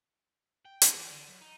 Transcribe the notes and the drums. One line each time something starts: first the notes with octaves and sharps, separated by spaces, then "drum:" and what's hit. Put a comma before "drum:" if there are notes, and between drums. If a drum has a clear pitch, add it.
G5
B3, drum: hi-hat
E3
D3
F#2
D#4